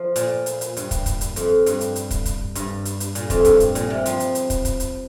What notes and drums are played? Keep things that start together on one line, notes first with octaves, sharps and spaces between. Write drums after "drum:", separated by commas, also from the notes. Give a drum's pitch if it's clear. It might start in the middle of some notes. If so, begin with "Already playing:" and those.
Already playing: F3
A#2, drum: hi-hat
drum: hi-hat
drum: hi-hat
G2, drum: hi-hat
drum: kick, hi-hat
drum: kick, hi-hat
drum: hi-hat
F2, drum: hi-hat
G2, drum: hi-hat
drum: hi-hat
drum: hi-hat
drum: kick, hi-hat
drum: kick, hi-hat
G2, drum: hi-hat
drum: hi-hat
drum: hi-hat
A#2, drum: hi-hat
F2, drum: kick, hi-hat
G2, drum: kick, hi-hat
drum: hi-hat
A#2, drum: hi-hat
C3
F3, drum: hi-hat
drum: hi-hat
drum: hi-hat
drum: kick, hi-hat
drum: kick, hi-hat
drum: hi-hat